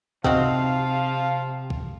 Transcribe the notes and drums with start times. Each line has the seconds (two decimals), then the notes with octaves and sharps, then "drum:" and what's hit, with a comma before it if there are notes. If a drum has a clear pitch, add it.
0.24 C3 F3 C4 D#4 F#4 F5, drum: kick
1.70 drum: kick